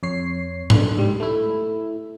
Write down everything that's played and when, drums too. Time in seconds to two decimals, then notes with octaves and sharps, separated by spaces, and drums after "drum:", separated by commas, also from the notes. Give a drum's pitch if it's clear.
0.03 F2 C#5 C7
0.70 F#2 D3, drum: tom G#2
0.98 G#2 G3
1.20 A3 E4